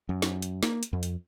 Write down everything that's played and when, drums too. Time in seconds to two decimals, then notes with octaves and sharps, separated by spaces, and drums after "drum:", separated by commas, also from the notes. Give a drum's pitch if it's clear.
0.09 F#2
0.22 drum: snare
0.42 drum: hi-hat
0.63 A#3, drum: snare
0.83 drum: hi-hat
0.93 F2
1.03 drum: hi-hat